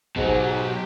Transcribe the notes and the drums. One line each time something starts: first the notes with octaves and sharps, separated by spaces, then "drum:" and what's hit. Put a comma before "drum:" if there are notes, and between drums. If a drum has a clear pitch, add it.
G#2 B2 F#3 G4, drum: kick G#1